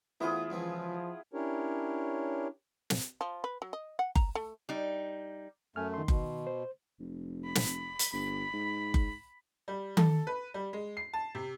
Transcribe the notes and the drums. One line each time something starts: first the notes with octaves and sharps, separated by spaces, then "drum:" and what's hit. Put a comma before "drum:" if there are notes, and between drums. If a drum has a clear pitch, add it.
E2 A3 B3 E4 F4 G#4 C5
C#2 B2 E3 F3
C#4 D4 E4 G4 A#4 C#5
drum: snare
F3
B4
F#3
D#5
F#5
A#5, drum: kick F#1
A3
G3 D#4
F#2 A3 G#5 F6
D#3 C6
B2, drum: kick F#1
C5
F1
B5
drum: snare
drum: hi-hat
G1 B5
G#2
drum: kick F#1
G3
A4, drum: tom D#3
B4
G3
G#3
C7
A5
C3